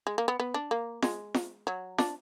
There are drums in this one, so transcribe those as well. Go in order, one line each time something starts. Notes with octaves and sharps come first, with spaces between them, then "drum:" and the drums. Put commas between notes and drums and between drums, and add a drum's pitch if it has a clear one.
G#3
A#3
B3
B3
D4
A#3
G#3, drum: snare
drum: snare
F#3
D4, drum: snare